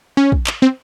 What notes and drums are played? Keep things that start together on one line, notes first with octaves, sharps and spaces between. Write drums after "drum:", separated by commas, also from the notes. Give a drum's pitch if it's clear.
C#4
drum: kick
drum: clap
C4